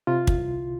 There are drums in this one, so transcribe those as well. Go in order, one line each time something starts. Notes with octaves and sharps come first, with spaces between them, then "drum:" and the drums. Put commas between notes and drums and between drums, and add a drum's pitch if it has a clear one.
C3 F4
drum: kick
C2